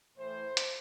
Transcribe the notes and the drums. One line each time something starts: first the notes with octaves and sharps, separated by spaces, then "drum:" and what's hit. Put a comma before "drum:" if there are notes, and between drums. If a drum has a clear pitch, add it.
A2 E3 A3 C5
drum: hi-hat